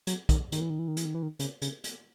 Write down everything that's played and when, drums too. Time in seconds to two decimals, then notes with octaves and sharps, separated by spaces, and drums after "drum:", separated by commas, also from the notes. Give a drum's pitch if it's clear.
0.07 F#3, drum: hi-hat
0.29 D#3, drum: kick, hi-hat
0.52 D#3, drum: hi-hat
0.60 E3
0.70 D#3
0.79 E3
0.88 D#3
0.97 E3, drum: hi-hat
1.05 D#3
1.15 E3
1.23 D#3
1.39 C#3, drum: hi-hat
1.62 C#3, drum: hi-hat
1.84 drum: hi-hat